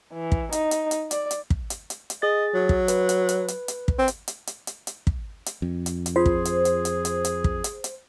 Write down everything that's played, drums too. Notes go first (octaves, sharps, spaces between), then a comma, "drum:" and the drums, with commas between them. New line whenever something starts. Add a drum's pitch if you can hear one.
E3
drum: kick
D#4, drum: hi-hat
drum: hi-hat
drum: hi-hat
D5, drum: hi-hat
drum: hi-hat
drum: kick
drum: hi-hat
drum: hi-hat
drum: hi-hat
G#4 D#5 A6
F#3
drum: kick
B4, drum: hi-hat
drum: hi-hat
drum: hi-hat
drum: hi-hat
drum: hi-hat
drum: kick
C4
drum: hi-hat
drum: hi-hat
drum: hi-hat
drum: hi-hat
drum: hi-hat
drum: kick
drum: hi-hat
F2
drum: hi-hat
drum: hi-hat
F4 G#4 C5
drum: kick
drum: hi-hat
drum: hi-hat
drum: hi-hat
drum: hi-hat
drum: hi-hat
drum: kick
drum: hi-hat
drum: hi-hat